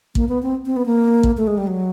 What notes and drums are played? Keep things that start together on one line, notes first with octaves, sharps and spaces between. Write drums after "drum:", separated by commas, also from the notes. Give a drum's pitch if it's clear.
A#3, drum: kick
B3
C4
C4
B3
A#3
drum: kick
A3
G#3
G3
F#3